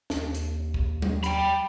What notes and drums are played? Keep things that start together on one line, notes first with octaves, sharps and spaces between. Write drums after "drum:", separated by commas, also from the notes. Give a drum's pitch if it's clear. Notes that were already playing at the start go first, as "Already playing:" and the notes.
D#2, drum: snare
drum: hi-hat
drum: kick
drum: tom F#3
G5 B5, drum: hi-hat